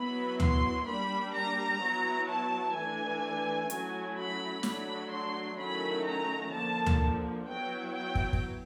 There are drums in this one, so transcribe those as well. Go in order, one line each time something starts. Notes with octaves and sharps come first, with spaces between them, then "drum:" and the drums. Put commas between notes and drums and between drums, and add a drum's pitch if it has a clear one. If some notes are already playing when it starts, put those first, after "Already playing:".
Already playing: F#3 B3 E4 B5
C6, drum: tom D2
G3 A#3 D4 B5
A#5
F#3 B3 E4
A5
E3 A3 D4 G#5
F#3 A3 C#4 E4, drum: hi-hat
B5
F#3 A3 D4 B5, drum: snare
C6
D#3 F#3 A3 C#4 E4 B5
A#5
D3 F3 A#3 A5
drum: tom D2
F#3 B3 E4 G5
G5
drum: kick
drum: kick